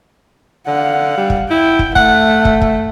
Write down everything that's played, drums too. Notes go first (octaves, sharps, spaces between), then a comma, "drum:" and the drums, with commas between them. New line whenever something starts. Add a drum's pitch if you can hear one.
D3 F5 F#5
G3
drum: kick
E4 G5
drum: kick
A3 F#5, drum: kick
drum: kick
drum: kick